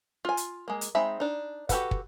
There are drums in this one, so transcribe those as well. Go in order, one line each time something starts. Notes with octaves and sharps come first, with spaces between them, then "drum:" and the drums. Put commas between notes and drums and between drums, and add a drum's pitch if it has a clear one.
F4 G#5
drum: hi-hat
G#3 A#3
drum: hi-hat
G#3 C4 D#4 E5 B5
D4 D#4
F#4 G4 A4 B4 F#5, drum: kick, hi-hat
drum: kick